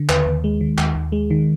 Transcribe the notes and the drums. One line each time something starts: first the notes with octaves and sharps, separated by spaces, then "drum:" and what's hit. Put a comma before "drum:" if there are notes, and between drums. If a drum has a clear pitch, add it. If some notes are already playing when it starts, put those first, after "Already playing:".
Already playing: D3
D#2 B4, drum: clap
D#2
G#3
D#3
D#2, drum: clap
D#2
G#3
D#3